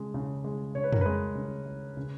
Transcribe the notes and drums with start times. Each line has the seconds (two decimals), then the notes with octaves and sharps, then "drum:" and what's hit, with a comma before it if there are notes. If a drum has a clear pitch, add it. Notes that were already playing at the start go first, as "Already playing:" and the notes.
Already playing: C#3 G#3
0.14 C#3
0.44 G#3
0.75 C#3 C#5
0.84 B4
0.93 A#4, drum: tom
1.01 G#3 B4
1.35 C#3
1.66 G#3
1.97 C#3